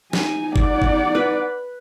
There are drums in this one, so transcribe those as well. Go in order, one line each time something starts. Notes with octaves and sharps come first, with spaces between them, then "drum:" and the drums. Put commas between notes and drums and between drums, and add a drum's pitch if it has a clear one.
D#4 G#5, drum: snare
D5 F#5, drum: kick G1
drum: kick G1
B4